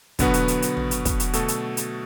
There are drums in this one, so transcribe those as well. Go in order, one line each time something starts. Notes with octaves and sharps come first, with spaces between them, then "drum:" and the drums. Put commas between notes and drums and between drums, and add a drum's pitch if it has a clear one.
B2 D3 F#3 B3 F#4 B4, drum: kick, hi-hat
drum: hi-hat
drum: hi-hat
drum: hi-hat
drum: tom
drum: hi-hat
drum: kick, hi-hat
drum: hi-hat
B2 A3 F#4 A4, drum: hi-hat
drum: hi-hat
drum: hi-hat